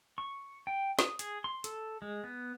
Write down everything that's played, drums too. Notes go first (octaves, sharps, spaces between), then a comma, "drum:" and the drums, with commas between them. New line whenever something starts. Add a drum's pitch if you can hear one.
C#6
G5
D#6, drum: snare
G#4, drum: hi-hat
C6
A4, drum: hi-hat
G#3
B3